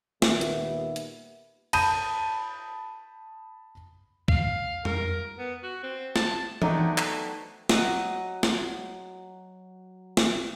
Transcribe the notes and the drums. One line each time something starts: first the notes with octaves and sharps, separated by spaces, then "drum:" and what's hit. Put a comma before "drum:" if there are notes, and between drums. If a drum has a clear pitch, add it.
D#2 A#2 G3 B3 B4 E5, drum: snare
drum: hi-hat
drum: hi-hat
A5 B5 D#6 G6 D#7, drum: cymbal
F5, drum: kick
A#4, drum: tom
B3
F#4
C4
A5, drum: snare
F#3 A3 B3 C4 D4 D#4, drum: tom E3
drum: clap
F#3 D#5 F#5, drum: snare
drum: snare
drum: snare